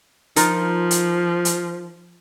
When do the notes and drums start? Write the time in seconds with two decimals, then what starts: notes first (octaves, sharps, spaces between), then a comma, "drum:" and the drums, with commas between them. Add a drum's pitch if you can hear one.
0.36 F3 D#4 F4 A#4, drum: hi-hat
0.91 drum: hi-hat
1.45 drum: hi-hat